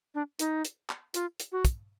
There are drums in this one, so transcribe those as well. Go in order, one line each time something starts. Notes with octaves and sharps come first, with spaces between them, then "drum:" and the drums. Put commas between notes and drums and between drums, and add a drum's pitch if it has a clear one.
D4
D#4, drum: hi-hat
drum: hi-hat
drum: clap
F4, drum: hi-hat
drum: hi-hat
F#4
drum: kick, hi-hat